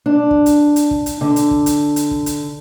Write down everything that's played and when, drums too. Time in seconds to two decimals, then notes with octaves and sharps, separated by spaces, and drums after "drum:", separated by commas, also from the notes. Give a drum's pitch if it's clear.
0.06 D4
0.31 drum: kick
0.46 drum: hi-hat
0.76 drum: hi-hat
0.91 drum: kick
1.06 drum: hi-hat
1.21 D3
1.36 drum: hi-hat
1.51 drum: kick
1.66 drum: hi-hat
1.96 drum: hi-hat
2.11 drum: kick
2.26 drum: hi-hat